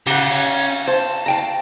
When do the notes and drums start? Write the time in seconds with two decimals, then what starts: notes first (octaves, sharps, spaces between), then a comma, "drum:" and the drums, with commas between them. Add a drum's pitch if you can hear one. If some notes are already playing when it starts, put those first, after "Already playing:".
0.07 C#3 G4 F#5, drum: cymbal
0.31 C#4
0.69 drum: open hi-hat
0.88 C5 A5
1.26 F5 G5 A#5